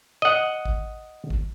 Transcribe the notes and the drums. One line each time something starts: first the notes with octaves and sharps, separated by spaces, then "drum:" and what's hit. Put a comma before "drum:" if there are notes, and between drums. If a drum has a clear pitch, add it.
D#5 F#5
drum: kick
drum: kick